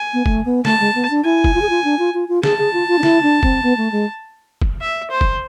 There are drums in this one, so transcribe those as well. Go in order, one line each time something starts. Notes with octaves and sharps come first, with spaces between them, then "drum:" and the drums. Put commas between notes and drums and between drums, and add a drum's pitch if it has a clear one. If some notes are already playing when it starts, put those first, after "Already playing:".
Already playing: G#5
B3
A3, drum: kick
B3
A3 A5, drum: snare
G#3
B3
D4
E4 G#5
drum: kick
F4
G#4
F4
D4
F4
F4
F4
G#4 A5, drum: snare
G#4
F4
F4
D4
E4, drum: snare
D4
C4, drum: kick
B3
A3
G#3
drum: kick
E5
C5
drum: kick